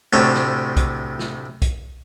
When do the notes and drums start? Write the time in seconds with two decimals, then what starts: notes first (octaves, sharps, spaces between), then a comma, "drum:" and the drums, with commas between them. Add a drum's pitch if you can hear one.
0.13 D2 A2 C3 C4 C#5 A5
0.34 drum: snare
0.77 drum: kick B1, hi-hat
1.19 drum: snare
1.62 drum: kick B1, hi-hat